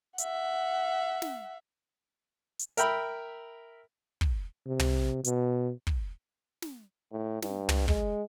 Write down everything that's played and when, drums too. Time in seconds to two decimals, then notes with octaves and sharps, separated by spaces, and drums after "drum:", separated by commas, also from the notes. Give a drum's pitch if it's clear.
0.18 E5 F#5, drum: hi-hat
1.22 drum: snare
2.59 drum: hi-hat
2.77 A#4 E5 G5 B5, drum: hi-hat
4.21 drum: kick
4.67 C3
4.79 drum: tom
5.24 B2, drum: hi-hat
5.87 drum: kick
6.62 drum: snare
7.12 A2
7.42 G2, drum: snare
7.69 drum: tom
7.88 G#3, drum: kick